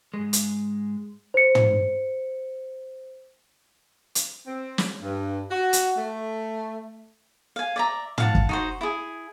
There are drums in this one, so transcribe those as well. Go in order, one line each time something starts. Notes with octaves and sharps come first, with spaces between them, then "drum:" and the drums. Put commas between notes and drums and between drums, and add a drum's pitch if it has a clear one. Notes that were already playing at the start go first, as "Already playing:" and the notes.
G#2 G#3
drum: hi-hat
C5 C#7
drum: tom
drum: hi-hat
C4
drum: snare
G2
F#4
drum: hi-hat
A3
F5 G#5
D5 E5 A#5
F5 F#5 A5, drum: tom
drum: kick
D#4 F#4 C5
E4 G#4